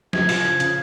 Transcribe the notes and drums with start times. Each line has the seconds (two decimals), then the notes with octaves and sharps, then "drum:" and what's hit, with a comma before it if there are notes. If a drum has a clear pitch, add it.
0.13 F3 G#6, drum: snare
0.29 C#2, drum: open hi-hat
0.45 F3
0.60 C#3, drum: hi-hat